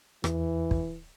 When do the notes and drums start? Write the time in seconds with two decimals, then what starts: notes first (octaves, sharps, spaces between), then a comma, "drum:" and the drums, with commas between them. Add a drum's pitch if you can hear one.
0.24 E2 E3, drum: rim click
0.71 drum: kick